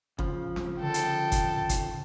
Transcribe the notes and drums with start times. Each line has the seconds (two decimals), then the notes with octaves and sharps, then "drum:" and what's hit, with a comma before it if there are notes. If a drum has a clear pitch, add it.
0.19 C#3 F3, drum: kick G1
0.56 drum: snare
0.82 D3 A4 G5
0.94 drum: hi-hat
1.32 drum: kick G1, hi-hat
1.69 drum: kick G1, hi-hat